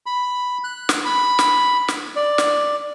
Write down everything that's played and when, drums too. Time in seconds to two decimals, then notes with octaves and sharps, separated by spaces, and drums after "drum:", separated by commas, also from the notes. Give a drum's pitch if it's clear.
0.06 B5
0.64 F#6
0.89 drum: snare
1.05 B5
1.39 drum: snare
1.88 drum: snare
2.16 D5
2.38 drum: snare